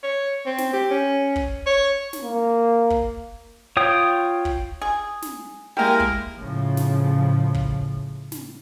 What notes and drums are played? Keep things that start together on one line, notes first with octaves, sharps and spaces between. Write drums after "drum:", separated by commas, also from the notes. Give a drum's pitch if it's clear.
C#5
C4
drum: snare
G4
C#4
drum: kick
C#5
drum: snare
A#3
drum: kick
F4 C#5 G5 D#6
drum: kick
G#4
drum: snare
G#3 A#3 E4 G4 A#4 G5
drum: kick
A2 C#3 F3
drum: snare
drum: kick
drum: snare